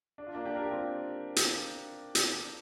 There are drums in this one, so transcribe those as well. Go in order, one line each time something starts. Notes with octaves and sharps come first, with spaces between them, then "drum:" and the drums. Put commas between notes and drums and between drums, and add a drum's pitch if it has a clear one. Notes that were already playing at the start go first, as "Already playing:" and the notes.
D4
F4
A#3 D4
D4 G4
A#4
G4
C4 F4
drum: hi-hat
drum: hi-hat